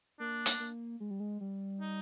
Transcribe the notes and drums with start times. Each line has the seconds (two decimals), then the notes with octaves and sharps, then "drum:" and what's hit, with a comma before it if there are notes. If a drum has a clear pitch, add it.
0.20 A#3 D4
0.46 drum: hi-hat
0.60 A#3
1.00 G#3
1.11 G3
1.20 G#3
1.41 G3
1.80 D#4